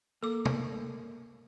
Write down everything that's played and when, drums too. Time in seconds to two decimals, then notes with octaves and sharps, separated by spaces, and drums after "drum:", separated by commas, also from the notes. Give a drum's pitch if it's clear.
0.23 A#3 A4 D6
0.45 drum: tom